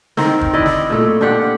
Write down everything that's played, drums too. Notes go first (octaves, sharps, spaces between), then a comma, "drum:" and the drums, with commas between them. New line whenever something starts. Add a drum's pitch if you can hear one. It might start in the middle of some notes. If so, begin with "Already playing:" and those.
D#3 C4 A#4, drum: snare
drum: kick
D4 E4 D5 D#5
drum: snare
A#2 A3
D4 F4 G4 F#5